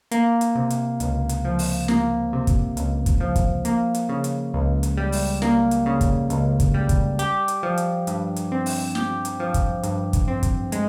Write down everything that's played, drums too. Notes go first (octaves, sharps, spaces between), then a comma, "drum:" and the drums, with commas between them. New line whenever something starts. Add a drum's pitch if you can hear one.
A#3, drum: hi-hat
drum: hi-hat
C3
drum: hi-hat
C#2, drum: hi-hat
drum: hi-hat
F3
drum: open hi-hat
A#3, drum: snare
C3
drum: kick, hi-hat
C#2, drum: hi-hat
drum: kick, hi-hat
F3
drum: kick, hi-hat
A#3, drum: hi-hat
drum: hi-hat
C#3
drum: hi-hat
C#2
drum: hi-hat
G3
drum: open hi-hat
A#3, drum: snare
drum: hi-hat
C#3
drum: kick, hi-hat
C#2, drum: hi-hat
drum: kick, hi-hat
G3
drum: kick, hi-hat
G4, drum: hi-hat
drum: hi-hat
F3
drum: hi-hat
G2, drum: hi-hat
drum: hi-hat
C4
drum: open hi-hat
G4, drum: snare
drum: hi-hat
F3
drum: kick, hi-hat
G2, drum: hi-hat
drum: kick, hi-hat
C4
drum: kick, hi-hat
G#3, drum: hi-hat